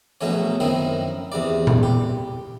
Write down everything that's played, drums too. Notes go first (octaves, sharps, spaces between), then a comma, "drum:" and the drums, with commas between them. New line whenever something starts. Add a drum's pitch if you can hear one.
A#1 B2 F#3 A3 C#4 C#5
F#2 D#3 C4 D#4 E4
E2 C3 D5
drum: tom A#2
G4